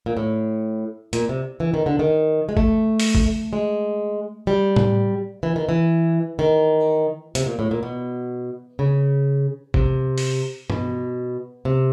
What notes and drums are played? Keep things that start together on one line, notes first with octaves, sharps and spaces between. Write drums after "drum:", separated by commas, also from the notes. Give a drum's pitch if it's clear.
A#2
A2
A#2, drum: hi-hat
C3
E3
D#3
D3
D#3
G#3
A3, drum: kick
drum: open hi-hat
drum: kick
G#3
G3
drum: tom A2
E3
D#3
E3
D#3
C3, drum: hi-hat
A#2
A2
A#2
B2
C#3
C3, drum: kick
drum: open hi-hat
B2, drum: tom G2
C3